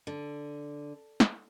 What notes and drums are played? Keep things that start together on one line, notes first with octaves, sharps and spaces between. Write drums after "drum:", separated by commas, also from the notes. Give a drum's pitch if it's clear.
D3
drum: snare